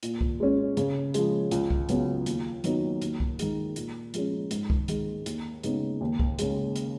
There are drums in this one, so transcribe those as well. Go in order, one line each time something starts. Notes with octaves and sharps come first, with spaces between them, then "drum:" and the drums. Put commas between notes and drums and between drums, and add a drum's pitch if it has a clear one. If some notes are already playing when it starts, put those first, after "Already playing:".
A#2, drum: hi-hat
drum: kick C2
G#3 C#4
C#3, drum: hi-hat
F3 G#3, drum: hi-hat
C#2, drum: hi-hat
drum: kick C2
C#3 F#3 B3, drum: hi-hat
D#2, drum: hi-hat
D#3 F#3 B3 D#4, drum: hi-hat
D#2, drum: hi-hat
drum: kick C2
D#3 G#3, drum: hi-hat
A#2, drum: hi-hat
F3 G#3 C#4, drum: hi-hat
G#2, drum: hi-hat
drum: kick C2
D#3 G#3, drum: hi-hat
D#2, drum: hi-hat
C#3 G#3 B3 D#4, drum: hi-hat
D#2
drum: kick C2
C#3 G#3, drum: hi-hat
drum: hi-hat